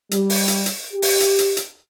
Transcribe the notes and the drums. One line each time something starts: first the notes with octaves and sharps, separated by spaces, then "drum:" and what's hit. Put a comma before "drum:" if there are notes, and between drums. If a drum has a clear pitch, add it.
G3, drum: hi-hat
drum: open hi-hat
drum: hi-hat
drum: hi-hat
G4
drum: open hi-hat
drum: hi-hat
drum: hi-hat
drum: hi-hat